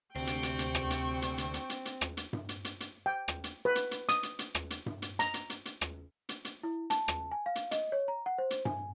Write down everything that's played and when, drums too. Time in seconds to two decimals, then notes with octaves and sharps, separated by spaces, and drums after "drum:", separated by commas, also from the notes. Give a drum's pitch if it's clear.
0.16 D2 C3 C4 G5 C#6
0.27 drum: hi-hat
0.43 drum: hi-hat
0.59 drum: hi-hat
0.74 drum: rim click
0.90 drum: hi-hat
1.22 drum: hi-hat
1.38 drum: hi-hat
1.54 drum: hi-hat
1.70 drum: hi-hat
1.85 drum: hi-hat
2.01 drum: rim click
2.17 drum: hi-hat
2.33 drum: tom G2
2.49 drum: hi-hat
2.65 drum: hi-hat
2.80 drum: hi-hat
3.06 G5
3.28 drum: rim click
3.44 drum: hi-hat
3.65 B4
3.75 drum: hi-hat
3.91 drum: hi-hat
4.09 D#6, drum: hi-hat
4.23 drum: hi-hat
4.39 drum: hi-hat
4.55 drum: rim click
4.70 drum: hi-hat
4.86 drum: tom G2
5.02 drum: hi-hat
5.19 A#5, drum: hi-hat
5.34 drum: hi-hat
5.50 drum: hi-hat
5.65 drum: hi-hat
5.81 drum: rim click
6.29 drum: hi-hat
6.45 drum: hi-hat
6.63 E4
6.90 A5, drum: hi-hat
7.08 drum: rim click
7.32 G#5
7.46 F5
7.55 drum: hi-hat
7.71 D#5, drum: hi-hat
7.92 C#5
8.08 A#5
8.26 F#5
8.38 C5
8.50 drum: hi-hat
8.65 G#5, drum: tom G2